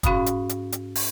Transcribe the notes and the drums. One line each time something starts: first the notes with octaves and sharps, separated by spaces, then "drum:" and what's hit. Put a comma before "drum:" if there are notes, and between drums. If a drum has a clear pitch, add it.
G#2 C#4 F#4 F5 B5 D#6, drum: kick, hi-hat
drum: hi-hat
drum: hi-hat
drum: hi-hat
drum: open hi-hat